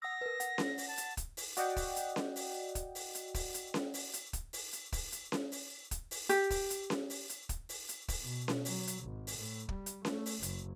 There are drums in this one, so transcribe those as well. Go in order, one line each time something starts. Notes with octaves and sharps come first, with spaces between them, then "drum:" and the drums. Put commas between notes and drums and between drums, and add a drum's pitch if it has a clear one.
F#5 D#6 E6 A#6
A#4 B4
F#5, drum: hi-hat
drum: snare C#4
drum: open hi-hat
A5
drum: hi-hat
drum: kick, hi-hat
drum: open hi-hat
F#4 D5 D#5 F#5 G5, drum: hi-hat
drum: kick, open hi-hat
drum: hi-hat
drum: snare C#4
drum: open hi-hat
drum: kick, hi-hat
drum: open hi-hat
drum: hi-hat
drum: kick, open hi-hat
drum: hi-hat
drum: snare C#4
drum: open hi-hat
drum: hi-hat
drum: kick, hi-hat
drum: open hi-hat
drum: hi-hat
drum: kick, open hi-hat
drum: hi-hat
drum: snare C#4
drum: open hi-hat
drum: kick, hi-hat
drum: open hi-hat
G4, drum: hi-hat
drum: kick, open hi-hat
drum: hi-hat
drum: snare C#4
drum: open hi-hat
drum: hi-hat
drum: kick, hi-hat
drum: open hi-hat
drum: hi-hat
drum: kick, open hi-hat
B2
drum: snare C#4
F#3, drum: open hi-hat
drum: hi-hat
G#1
drum: open hi-hat
A2
G3, drum: kick
drum: hi-hat
A3, drum: snare C#4
drum: open hi-hat
F#1, drum: hi-hat